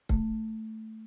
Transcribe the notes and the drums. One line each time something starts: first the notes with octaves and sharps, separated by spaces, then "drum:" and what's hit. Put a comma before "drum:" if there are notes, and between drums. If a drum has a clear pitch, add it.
A3, drum: kick C#1